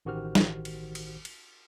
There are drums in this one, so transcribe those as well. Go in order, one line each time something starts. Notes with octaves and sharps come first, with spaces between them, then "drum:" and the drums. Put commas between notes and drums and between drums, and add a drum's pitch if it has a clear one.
A1 D#3 F#4 G4 C5 F6
drum: snare
drum: cymbal
drum: cymbal
drum: cymbal